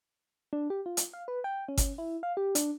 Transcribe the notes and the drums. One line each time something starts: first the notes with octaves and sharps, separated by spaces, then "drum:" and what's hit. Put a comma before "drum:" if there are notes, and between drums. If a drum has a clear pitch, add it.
D4
G4
F4
drum: hi-hat
F5
B4
G5
C#4
drum: kick G1, hi-hat
E4
F5
G4
D4, drum: hi-hat